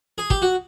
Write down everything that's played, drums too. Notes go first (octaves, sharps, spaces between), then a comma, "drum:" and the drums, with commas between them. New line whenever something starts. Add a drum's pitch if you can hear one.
G#4
G4, drum: kick
F#4